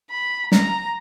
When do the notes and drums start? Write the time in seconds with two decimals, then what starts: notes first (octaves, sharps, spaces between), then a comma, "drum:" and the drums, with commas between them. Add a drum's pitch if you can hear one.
0.10 B5
0.52 A#5, drum: snare